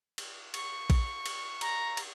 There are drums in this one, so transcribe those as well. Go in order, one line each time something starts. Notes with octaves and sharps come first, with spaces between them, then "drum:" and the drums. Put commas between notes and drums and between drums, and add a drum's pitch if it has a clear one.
drum: cymbal
C#6, drum: cymbal
drum: kick A#1, cymbal
drum: cymbal
A#5, drum: cymbal
drum: cymbal